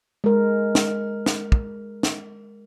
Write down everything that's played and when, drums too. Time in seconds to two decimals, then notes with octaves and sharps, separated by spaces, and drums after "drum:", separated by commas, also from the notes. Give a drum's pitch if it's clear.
0.24 G#3 A#4
0.75 drum: snare
1.26 drum: snare
1.52 drum: kick
2.03 drum: snare